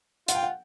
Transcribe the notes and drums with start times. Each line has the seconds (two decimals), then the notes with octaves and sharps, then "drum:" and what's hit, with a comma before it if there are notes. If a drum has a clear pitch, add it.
0.28 F4 F#5, drum: hi-hat
0.35 G5
0.43 F#5